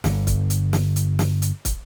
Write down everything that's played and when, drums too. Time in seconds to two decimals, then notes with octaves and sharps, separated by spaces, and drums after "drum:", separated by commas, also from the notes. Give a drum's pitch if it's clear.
0.04 G1 D3, drum: snare
0.27 drum: kick, hi-hat
0.50 drum: hi-hat
0.73 drum: snare
0.96 drum: hi-hat
1.19 drum: snare
1.42 drum: hi-hat
1.65 drum: kick, hi-hat